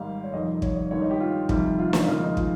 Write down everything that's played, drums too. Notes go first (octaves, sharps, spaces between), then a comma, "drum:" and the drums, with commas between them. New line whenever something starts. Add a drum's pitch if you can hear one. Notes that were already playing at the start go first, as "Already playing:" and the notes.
Already playing: G#1 G#2 D#3 G3 F5
C#5
F1 F2 D#3 G3 D#5
C#5, drum: kick
C#5
G#1 G2 D#3 G3 C#5
D#4
G4
F4
F2 C3 D#3 G3, drum: kick
F4
F4, drum: snare
D#2 C#3 F3 G#3 F4
D#4
F4, drum: kick